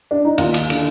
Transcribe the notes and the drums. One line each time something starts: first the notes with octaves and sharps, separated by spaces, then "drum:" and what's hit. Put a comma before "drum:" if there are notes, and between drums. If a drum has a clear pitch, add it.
D4
D#4
D#2 F4, drum: cymbal
drum: cymbal
D3, drum: cymbal